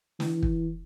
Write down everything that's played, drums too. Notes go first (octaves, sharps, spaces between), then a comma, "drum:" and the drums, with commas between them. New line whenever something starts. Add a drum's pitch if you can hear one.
E3, drum: snare
drum: kick